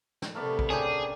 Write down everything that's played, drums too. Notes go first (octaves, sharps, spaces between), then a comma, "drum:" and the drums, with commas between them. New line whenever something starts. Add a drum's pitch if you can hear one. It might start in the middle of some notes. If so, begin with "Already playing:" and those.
drum: snare
C3 G3 A3 B3 A#4 D5
drum: kick
C#4 D4 G4 G#4